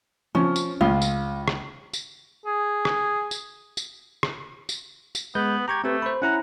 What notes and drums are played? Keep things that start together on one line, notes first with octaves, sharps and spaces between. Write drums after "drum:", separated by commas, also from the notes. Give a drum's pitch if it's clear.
F3 C#4
drum: tambourine
C#2 F4
drum: tambourine
drum: rim click
drum: tambourine
G#4
drum: rim click
drum: tambourine
drum: tambourine
drum: rim click
drum: tambourine
drum: tambourine
G#3 B3 B4 G6
G4 A#5 C#6 G#6
A3 C4 G4 B4
C5 B5
C#4 E4 F#5 A#5